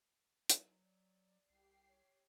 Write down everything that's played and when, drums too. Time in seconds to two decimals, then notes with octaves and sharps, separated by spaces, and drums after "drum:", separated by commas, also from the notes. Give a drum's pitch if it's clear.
0.50 F#3, drum: hi-hat
0.82 D5
1.50 C2 G4 C7
1.88 C#5